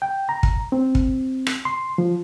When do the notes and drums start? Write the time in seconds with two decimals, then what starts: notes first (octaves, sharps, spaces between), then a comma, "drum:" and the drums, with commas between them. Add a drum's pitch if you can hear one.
0.02 G5
0.29 A#5
0.43 drum: kick
0.72 C4
0.95 drum: kick
1.47 drum: rim click
1.65 C6
1.98 F3